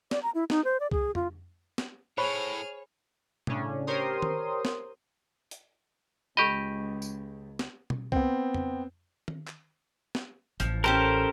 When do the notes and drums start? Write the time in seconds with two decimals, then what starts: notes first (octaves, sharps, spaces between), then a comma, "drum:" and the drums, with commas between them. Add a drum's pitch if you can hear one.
0.11 D5, drum: snare
0.23 A#5
0.35 E4
0.50 D#4, drum: snare
0.65 C5
0.80 D5
0.91 G#4, drum: kick C2
1.15 F4, drum: tom F2
1.78 drum: snare
2.18 A2 G#4 C5 C#5 B5 C#6 F6
3.47 A2 C#3 C#4 D4, drum: tom B2
3.87 G4 A#4 C5 C#5 C6 D#6
4.22 drum: tom D#3
4.65 drum: snare
5.51 drum: hi-hat
6.37 C#2 G4 D#5 B5 C#6
7.02 drum: tambourine
7.59 drum: snare
7.90 drum: tom B2
8.12 B3 C4, drum: kick C2
8.54 drum: tom F2
9.28 drum: tom D#3
9.47 drum: clap
10.15 drum: snare
10.60 A1 F3, drum: hi-hat
10.84 C#4 G4 A4 A#4 C5